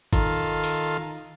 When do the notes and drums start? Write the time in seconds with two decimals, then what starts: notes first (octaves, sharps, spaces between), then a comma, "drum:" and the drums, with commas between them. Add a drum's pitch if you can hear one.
0.13 D#3 F4 A4, drum: kick G#1, hi-hat
0.64 drum: open hi-hat